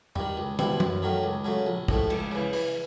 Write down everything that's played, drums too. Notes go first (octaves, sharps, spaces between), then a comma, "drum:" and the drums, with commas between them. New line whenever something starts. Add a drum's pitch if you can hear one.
D#3 G3, drum: tom
C#2
B2 G3 C4 E4, drum: tom
F#2, drum: tom
D#3 F#3 A3
C#2
C#3 F#3 A3
A#1
A2 F3 A3, drum: kick
C#2, drum: cymbal
C#3 E3
E3, drum: open hi-hat